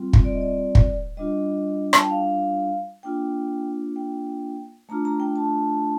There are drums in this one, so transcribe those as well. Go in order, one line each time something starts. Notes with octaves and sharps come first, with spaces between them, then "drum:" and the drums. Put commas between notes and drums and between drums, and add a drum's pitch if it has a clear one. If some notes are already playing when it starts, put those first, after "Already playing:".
Already playing: G3 C4 F4
drum: kick
D5
D#5
D5
drum: kick
G3 D4 F4 D#5
A5, drum: rim click
G5
F5
A#3 D4 F4 G5
G5
A3 D4 F4 A#5
A#5
G5
A5